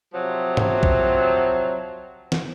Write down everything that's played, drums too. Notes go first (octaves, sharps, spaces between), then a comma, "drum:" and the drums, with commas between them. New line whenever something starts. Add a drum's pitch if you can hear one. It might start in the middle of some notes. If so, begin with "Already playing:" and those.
C3 F3 F#3
drum: tom G#2
drum: kick A#1
drum: snare